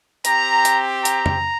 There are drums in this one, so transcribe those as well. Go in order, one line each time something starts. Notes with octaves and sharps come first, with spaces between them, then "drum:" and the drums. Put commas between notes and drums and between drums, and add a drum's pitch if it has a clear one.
C4 G4 A#5, drum: hi-hat
drum: hi-hat
A#5, drum: hi-hat
drum: tom F2